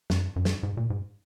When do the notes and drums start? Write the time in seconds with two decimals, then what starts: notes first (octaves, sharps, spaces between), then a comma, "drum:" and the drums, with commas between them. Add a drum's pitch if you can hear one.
0.10 F#2, drum: snare
0.36 F#2
0.45 drum: snare
0.63 G#2
0.77 A#2
0.90 G#2